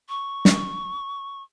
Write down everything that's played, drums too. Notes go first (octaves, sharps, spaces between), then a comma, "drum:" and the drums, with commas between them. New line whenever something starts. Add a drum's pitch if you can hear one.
C#6
drum: snare